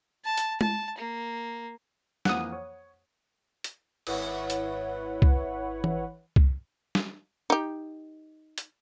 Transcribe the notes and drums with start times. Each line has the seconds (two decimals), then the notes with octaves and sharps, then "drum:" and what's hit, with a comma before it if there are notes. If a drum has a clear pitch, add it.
0.25 A5
0.37 drum: hi-hat
0.61 A5, drum: tom G#3
0.98 A#3
2.25 F2 E3 A#3 F#5 D#6, drum: snare
2.52 C#5
3.64 drum: hi-hat
4.07 G#1 E4 B4 C#5 F#5, drum: cymbal
4.50 drum: hi-hat
5.22 drum: kick C2
5.84 drum: tom E3
6.36 drum: kick C2
6.95 drum: snare
7.50 D#4 G4
8.58 drum: hi-hat